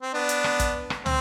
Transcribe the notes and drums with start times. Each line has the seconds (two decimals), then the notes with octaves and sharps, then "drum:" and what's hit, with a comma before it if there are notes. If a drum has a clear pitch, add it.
0.02 C4
0.14 B3 D4
0.29 drum: hi-hat
0.44 drum: rim click
0.60 drum: kick, hi-hat
0.90 drum: rim click
1.06 C4, drum: tom